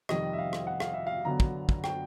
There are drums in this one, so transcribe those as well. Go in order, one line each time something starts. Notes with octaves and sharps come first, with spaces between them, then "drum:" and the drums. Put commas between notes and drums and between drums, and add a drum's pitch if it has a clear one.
F2 C3 D#3 G3 D#5, drum: rim click
E5
F5
drum: rim click
F#5
F5, drum: rim click
E5
F5
F#2 D3 F#3 B3 A#5
drum: kick
drum: kick
G5, drum: rim click